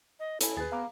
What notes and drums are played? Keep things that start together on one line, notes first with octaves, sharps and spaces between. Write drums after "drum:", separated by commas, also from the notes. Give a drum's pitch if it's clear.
D#5
E4 A4 C#5 G#5, drum: hi-hat
D#2 G#4 B4 A6
B3 F5 A#5 D6